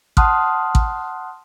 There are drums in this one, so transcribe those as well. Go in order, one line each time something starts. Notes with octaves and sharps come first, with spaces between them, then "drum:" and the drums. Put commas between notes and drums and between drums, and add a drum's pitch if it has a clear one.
F#5 A5 C6 D#6 F6 F#6, drum: kick A1
drum: kick A1